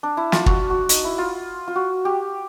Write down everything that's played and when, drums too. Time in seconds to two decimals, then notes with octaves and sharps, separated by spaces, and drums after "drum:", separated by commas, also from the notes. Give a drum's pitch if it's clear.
0.03 D4
0.17 E4
0.32 F4, drum: snare
0.46 F#4, drum: kick
0.70 F#4
0.89 D#4, drum: hi-hat
1.04 E4
1.18 F4
1.68 F4
1.76 F#4
2.05 G4